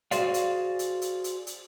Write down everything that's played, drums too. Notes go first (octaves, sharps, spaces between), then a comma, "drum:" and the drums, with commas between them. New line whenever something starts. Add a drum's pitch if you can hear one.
F#4 G#4 C5 D5 F5, drum: hi-hat
drum: hi-hat
drum: hi-hat
drum: hi-hat
drum: hi-hat
drum: hi-hat